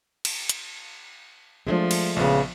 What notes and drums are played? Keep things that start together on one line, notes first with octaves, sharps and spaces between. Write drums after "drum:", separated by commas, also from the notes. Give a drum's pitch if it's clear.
drum: cymbal
drum: hi-hat
F3 G#3 A3 D4
drum: cymbal
A#1 C#3 B3